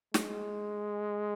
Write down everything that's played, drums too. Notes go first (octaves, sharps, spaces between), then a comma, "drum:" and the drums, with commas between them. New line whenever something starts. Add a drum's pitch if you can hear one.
G#3, drum: snare